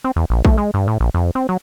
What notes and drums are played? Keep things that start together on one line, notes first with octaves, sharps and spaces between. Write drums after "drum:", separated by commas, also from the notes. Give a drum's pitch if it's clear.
C4
E2
A#1
A3, drum: kick A#1
G#3
G2
A2
A#1
F2
C4
F#3